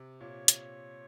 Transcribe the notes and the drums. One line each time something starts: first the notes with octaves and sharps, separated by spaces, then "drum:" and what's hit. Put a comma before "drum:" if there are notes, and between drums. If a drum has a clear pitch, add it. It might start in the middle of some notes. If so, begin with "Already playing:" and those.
Already playing: C3
A#2 C#5
drum: hi-hat